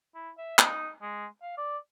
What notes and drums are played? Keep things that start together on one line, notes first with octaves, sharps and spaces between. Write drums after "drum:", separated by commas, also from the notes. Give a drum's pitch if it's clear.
E4
E5
D#4, drum: clap
G#3
F5
D5